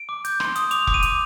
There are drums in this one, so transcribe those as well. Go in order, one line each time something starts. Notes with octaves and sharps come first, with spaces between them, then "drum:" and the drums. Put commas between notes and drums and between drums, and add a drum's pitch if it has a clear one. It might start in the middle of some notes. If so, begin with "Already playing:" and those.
Already playing: D7
D6
G6, drum: hi-hat
C6, drum: rim click
D#6, drum: hi-hat
D6 F7, drum: hi-hat
D6, drum: kick F1
D#7
D6, drum: hi-hat